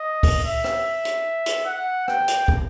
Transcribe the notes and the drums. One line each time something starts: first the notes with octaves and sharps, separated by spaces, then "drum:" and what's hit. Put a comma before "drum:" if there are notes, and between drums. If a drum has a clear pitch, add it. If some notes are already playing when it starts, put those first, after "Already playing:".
Already playing: D#5
drum: kick, open hi-hat
E5
drum: rim click
drum: hi-hat
drum: hi-hat
F#5
G5, drum: rim click
drum: hi-hat
drum: kick